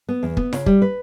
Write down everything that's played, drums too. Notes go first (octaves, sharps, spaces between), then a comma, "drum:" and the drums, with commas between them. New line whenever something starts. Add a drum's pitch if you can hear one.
B3
E2
B3, drum: kick
C#3, drum: snare
G3, drum: kick
B4